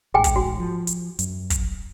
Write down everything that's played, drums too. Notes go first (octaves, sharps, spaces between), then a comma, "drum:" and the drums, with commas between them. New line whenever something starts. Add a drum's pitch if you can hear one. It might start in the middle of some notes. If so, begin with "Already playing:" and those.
A1 G#2 G#4 G5 G#5
drum: kick, hi-hat
F#4
F3
drum: hi-hat
F#2, drum: hi-hat
drum: kick, hi-hat